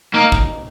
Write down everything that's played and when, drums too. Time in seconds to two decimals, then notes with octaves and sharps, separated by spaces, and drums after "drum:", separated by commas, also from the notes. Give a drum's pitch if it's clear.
0.13 A#3 D#4
0.32 drum: kick